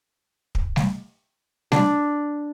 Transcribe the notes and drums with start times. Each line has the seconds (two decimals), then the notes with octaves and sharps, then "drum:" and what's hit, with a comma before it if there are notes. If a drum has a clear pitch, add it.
0.55 drum: kick
0.76 drum: snare G3
1.72 D4, drum: snare G3